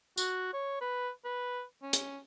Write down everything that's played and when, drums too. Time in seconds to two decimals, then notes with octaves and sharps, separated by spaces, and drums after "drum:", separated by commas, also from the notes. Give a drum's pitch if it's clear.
0.17 F#4, drum: tambourine
0.53 C#5
0.81 B4
1.25 B4
1.82 C#4
1.93 drum: hi-hat